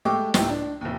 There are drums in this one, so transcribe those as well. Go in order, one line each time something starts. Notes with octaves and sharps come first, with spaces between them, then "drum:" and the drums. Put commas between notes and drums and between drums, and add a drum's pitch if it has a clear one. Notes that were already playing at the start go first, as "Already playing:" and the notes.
G#3 A3 G4 C#6 D6
C#2 A2 D#4 E4 G4, drum: snare
D4
F1 D#2